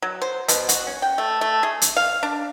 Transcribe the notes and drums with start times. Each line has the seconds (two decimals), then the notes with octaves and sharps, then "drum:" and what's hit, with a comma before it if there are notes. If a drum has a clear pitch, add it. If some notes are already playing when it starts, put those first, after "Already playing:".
0.02 F#3
0.22 C5
0.48 B2, drum: hi-hat
0.69 F#4, drum: hi-hat
0.87 C#4
1.02 G5
1.18 A3
1.41 A3
1.63 G#4
1.82 drum: hi-hat
1.97 F5
2.23 D4